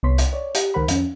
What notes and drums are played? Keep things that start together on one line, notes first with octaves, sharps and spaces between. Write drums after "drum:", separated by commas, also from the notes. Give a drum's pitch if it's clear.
C2 B3 C#5 C6 B6
drum: hi-hat
C#5 D5
G4, drum: hi-hat
C#2 D#3 A#4 C5 F#5 B5
F2 C#4, drum: hi-hat